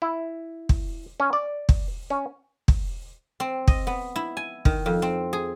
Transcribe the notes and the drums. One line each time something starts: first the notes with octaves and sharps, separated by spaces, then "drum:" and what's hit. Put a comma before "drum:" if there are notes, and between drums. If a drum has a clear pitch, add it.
E4
drum: kick
C#4
D5
drum: kick
C#4
drum: kick
C4
D#5, drum: kick
B3
E4
G#5
D#3, drum: kick
F2
C4
G#4